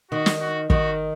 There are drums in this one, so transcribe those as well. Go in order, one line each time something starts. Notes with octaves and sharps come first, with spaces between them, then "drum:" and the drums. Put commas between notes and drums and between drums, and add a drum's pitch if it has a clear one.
D#3 F#4
drum: snare
F#4
D#3 F#4, drum: kick